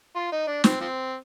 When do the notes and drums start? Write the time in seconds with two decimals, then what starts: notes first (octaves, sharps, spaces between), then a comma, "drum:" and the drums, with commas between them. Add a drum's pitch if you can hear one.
0.15 F4
0.32 D#4
0.47 D4
0.64 C4, drum: snare
0.80 F3 C4